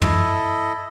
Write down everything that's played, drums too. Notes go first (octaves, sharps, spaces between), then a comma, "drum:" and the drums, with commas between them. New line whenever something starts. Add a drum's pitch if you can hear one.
E4 A4 D#5, drum: tom